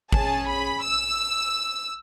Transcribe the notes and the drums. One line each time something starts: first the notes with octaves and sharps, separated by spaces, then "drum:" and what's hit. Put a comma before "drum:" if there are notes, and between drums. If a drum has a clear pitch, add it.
C#4 G#4 A5, drum: kick
B5
E6